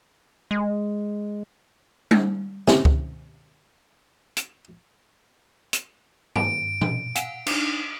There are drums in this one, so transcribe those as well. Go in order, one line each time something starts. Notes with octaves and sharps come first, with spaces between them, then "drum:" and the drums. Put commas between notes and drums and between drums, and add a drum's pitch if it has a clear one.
G#3
drum: tom G3
C3 C#4, drum: snare
drum: kick C#2
drum: hi-hat
drum: hi-hat
D7, drum: tom
drum: tom
F5 F#5 G#5, drum: hi-hat
D4 D#4, drum: cymbal